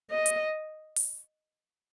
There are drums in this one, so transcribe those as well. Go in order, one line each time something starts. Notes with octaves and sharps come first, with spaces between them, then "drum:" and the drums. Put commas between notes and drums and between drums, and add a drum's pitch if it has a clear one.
D#5
drum: hi-hat
drum: open hi-hat